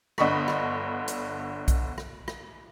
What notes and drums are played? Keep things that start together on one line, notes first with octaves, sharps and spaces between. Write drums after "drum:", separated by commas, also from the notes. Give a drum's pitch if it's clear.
G1 D3 D#5 B5 C#6 B6, drum: rim click
drum: rim click
drum: hi-hat
drum: kick B1, hi-hat
drum: rim click
drum: rim click